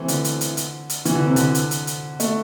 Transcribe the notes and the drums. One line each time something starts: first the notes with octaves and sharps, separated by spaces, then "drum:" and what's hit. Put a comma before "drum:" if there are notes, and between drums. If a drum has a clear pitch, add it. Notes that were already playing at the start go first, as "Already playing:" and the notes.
Already playing: E3 A3 C4
D3, drum: hi-hat
drum: hi-hat
drum: hi-hat
drum: hi-hat
drum: hi-hat
E3, drum: hi-hat
D3
C3
D3, drum: hi-hat
drum: hi-hat
drum: hi-hat
drum: hi-hat
A3, drum: hi-hat